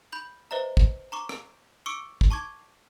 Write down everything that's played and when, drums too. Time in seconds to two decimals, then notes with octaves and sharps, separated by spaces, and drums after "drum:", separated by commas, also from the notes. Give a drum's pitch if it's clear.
0.12 B5 G6 F#7
0.51 B4 C5 D#5 E5 A#5
0.77 drum: kick
1.12 A#5 C#6 D6
1.29 drum: rim click
1.86 C#6 D6 E6 C#7 D7
2.21 drum: kick
2.31 A5 C#6 D6 G#6